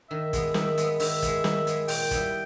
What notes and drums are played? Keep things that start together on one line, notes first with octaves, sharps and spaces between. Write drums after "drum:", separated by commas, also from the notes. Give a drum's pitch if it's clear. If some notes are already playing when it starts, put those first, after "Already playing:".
D#3 E5
G#3 B3, drum: kick, hi-hat
D#3, drum: snare
G#3 B3, drum: hi-hat
D#3 E5, drum: open hi-hat
G#3 B3, drum: kick, hi-hat
D#3, drum: snare
G#3 B3, drum: hi-hat
A#2 G5, drum: open hi-hat
G3 B3 E4, drum: kick, hi-hat